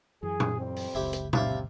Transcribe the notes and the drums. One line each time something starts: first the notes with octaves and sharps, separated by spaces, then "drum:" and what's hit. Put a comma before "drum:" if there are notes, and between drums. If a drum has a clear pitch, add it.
F#2 E3 G#4
drum: tom A#2
F2 G3 C4
drum: open hi-hat
F#1 C#2 E4 G4
drum: hi-hat
C3 E4 D5 F5, drum: tom A#2